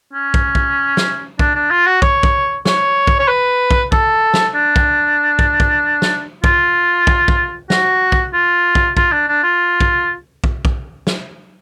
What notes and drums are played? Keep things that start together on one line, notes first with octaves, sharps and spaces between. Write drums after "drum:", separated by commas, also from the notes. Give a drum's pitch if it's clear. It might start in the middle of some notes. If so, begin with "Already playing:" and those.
C#4
drum: kick
drum: kick
drum: snare
D4, drum: kick
D4
F4
F#4
C#5, drum: kick
drum: kick
C#5, drum: snare
drum: kick
C#5
B4
drum: kick
A4, drum: kick
drum: snare
D4
drum: kick
drum: kick
drum: kick
drum: snare
F4, drum: kick
drum: kick
drum: kick
F#4, drum: snare
drum: kick
F4
drum: kick
F4, drum: kick
D4
D4
F4
drum: kick
drum: kick
drum: kick
drum: snare